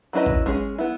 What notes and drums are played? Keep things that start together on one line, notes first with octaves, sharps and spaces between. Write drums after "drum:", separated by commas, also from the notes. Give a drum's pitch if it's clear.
F#3 C#4 E4 B4 D#5
drum: kick
G#3 C#4 G#4
B3 E4